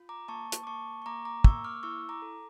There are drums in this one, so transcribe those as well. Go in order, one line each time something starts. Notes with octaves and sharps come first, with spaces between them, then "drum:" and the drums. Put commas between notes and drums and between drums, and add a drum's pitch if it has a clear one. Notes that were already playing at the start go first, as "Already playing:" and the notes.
Already playing: F4
A#5 D6
A#3 A5 C#6
drum: hi-hat
D6
A#3 A5 C#6
C#6
A#3 A#5 D6
A#5 D6
A#3 C#6 E6, drum: kick
D6 F6
E4 C#6 E6
A#5 D6
A4